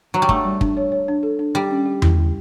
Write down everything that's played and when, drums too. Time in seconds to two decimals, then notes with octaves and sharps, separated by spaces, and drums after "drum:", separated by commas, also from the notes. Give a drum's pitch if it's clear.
0.14 F#3
0.22 G3
0.29 A3 D4, drum: kick
0.45 G3
0.61 D4, drum: kick
0.77 C#5
0.92 C#5
1.08 D4
1.23 A4
1.39 D4
1.55 G3 G4
1.71 C#4
1.86 G4
2.02 E4, drum: tom E2
2.18 E4